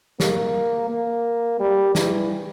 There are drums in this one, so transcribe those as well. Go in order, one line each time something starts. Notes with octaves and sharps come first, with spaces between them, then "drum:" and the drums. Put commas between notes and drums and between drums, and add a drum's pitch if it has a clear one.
A#3, drum: snare
A#3
G3
E3, drum: snare